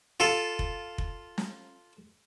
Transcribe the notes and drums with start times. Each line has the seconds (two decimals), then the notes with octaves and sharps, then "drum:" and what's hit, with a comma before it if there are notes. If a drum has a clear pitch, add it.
0.20 F4 A4
0.59 drum: kick F1
0.98 drum: kick F1
1.38 drum: snare